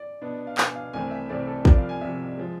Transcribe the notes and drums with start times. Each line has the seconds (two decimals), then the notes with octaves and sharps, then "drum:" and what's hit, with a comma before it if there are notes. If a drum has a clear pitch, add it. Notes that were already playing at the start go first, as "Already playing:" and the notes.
Already playing: D5
0.22 B2 B3 D4
0.47 F5
0.58 B2 B3 D4 G#5, drum: clap
0.76 F5
0.93 C2 C3 E3 A3 C4 G#5
1.11 E5
1.29 C2 C3 E3 A3 C4 D5
1.47 A4
1.65 C2 C3 F3 D5, drum: kick
1.77 F5
1.89 G#5
2.01 C2 C3 F3 E5
2.37 F3 G#3